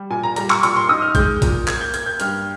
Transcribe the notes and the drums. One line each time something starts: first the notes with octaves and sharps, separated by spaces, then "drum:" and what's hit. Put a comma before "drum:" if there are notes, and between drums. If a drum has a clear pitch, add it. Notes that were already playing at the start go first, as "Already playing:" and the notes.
Already playing: G3
A#2 G#5
A#5
G3 A#5, drum: hi-hat
C#6, drum: clap
A#2 C#6, drum: hi-hat
C6
D#4 D#6
F6
G#3 G6, drum: kick A1, hi-hat
A#2, drum: kick A1, hi-hat
A#3 G#6, drum: clap
G6
A#3 G#6, drum: hi-hat
G6
G2 F6, drum: hi-hat